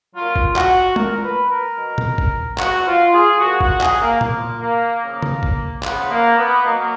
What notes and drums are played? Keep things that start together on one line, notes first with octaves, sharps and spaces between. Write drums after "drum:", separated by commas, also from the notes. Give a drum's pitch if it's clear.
A#2 F#3 F4
drum: kick G1
F#4, drum: clap
A#2 F#3 A#4, drum: tom G#3
B4
A#4
B2 F#3
drum: tom A#2
drum: kick G1
B2 F#3 F#4, drum: clap
F4
G#4
A#2 F3 F#4
F#4, drum: kick G1
G#4, drum: clap
A#3
A#2 F3 A#3, drum: tom A#2
A#3
C#3 F3 A#3
drum: tom C#3
drum: kick G1
C#3 F3 B3, drum: clap
A#3
B3
B2 A#3
F#3
A#3